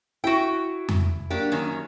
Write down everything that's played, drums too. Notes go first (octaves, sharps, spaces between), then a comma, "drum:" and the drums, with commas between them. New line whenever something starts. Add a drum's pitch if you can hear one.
E4 F#4 G5
drum: tom F2
F#3 A#3 D4 G4
F#2 D#3 C#4